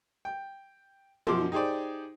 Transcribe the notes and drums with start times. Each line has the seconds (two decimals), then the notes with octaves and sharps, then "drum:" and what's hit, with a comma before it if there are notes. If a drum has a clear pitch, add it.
0.25 G5
1.27 F#2 B2 F3 C6 D6, drum: tom
1.52 D#4 G4 G#4 C5 D5